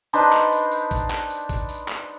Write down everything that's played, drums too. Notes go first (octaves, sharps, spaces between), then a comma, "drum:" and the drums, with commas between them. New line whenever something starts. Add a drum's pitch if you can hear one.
D4 D#4 B4 C5, drum: tambourine
drum: clap
drum: tambourine
drum: tambourine
drum: kick A1, tambourine
drum: clap
drum: tambourine
drum: kick A1, tambourine
drum: tambourine
drum: clap